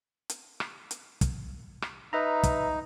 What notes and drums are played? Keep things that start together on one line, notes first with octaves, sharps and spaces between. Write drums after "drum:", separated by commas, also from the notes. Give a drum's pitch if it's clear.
drum: hi-hat
drum: rim click
drum: hi-hat
drum: kick, hi-hat
drum: rim click
D#4 B4 E5 A#5
drum: kick, hi-hat